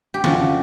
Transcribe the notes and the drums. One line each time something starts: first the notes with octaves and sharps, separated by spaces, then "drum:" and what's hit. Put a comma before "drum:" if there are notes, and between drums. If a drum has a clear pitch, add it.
G4
F2 C#3 F3 F#4, drum: snare D#3